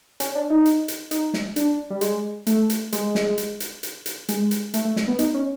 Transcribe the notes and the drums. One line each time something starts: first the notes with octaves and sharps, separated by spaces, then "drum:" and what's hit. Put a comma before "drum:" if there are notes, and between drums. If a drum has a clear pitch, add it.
C#4, drum: hi-hat
D4
D#4
drum: hi-hat
drum: hi-hat
D#4, drum: hi-hat
drum: snare
D4, drum: hi-hat
G3
G#3, drum: hi-hat
A3, drum: hi-hat
drum: hi-hat
G#3, drum: hi-hat
drum: snare
drum: hi-hat
drum: hi-hat
drum: hi-hat
drum: hi-hat
G#3, drum: hi-hat
drum: hi-hat
A3, drum: hi-hat
A3
drum: snare
B3
D#4, drum: hi-hat
C#4